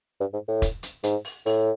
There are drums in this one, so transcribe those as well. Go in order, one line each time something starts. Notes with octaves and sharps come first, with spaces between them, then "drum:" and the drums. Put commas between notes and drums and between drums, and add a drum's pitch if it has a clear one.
G2
G#2
A2
drum: kick E1, hi-hat
drum: hi-hat
G#2, drum: hi-hat
drum: open hi-hat
A2, drum: open hi-hat